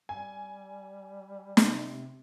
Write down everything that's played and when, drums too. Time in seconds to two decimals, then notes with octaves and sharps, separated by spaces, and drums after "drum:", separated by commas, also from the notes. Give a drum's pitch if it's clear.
0.09 G3 G#5
1.57 C3, drum: snare